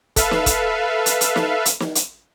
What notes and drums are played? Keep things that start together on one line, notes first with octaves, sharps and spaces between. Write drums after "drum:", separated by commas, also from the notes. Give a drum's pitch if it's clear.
A4 B4 E5 F5, drum: kick, hi-hat
drum: snare
drum: kick, hi-hat
drum: hi-hat
drum: hi-hat
drum: snare
drum: hi-hat
drum: snare
drum: hi-hat